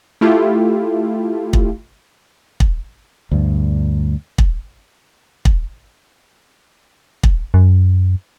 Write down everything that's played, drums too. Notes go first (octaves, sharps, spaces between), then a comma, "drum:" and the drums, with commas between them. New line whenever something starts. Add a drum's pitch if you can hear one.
A3 E4 F4 G4 A4
drum: kick
drum: kick
D2 G2
drum: kick
drum: kick
drum: kick
F#2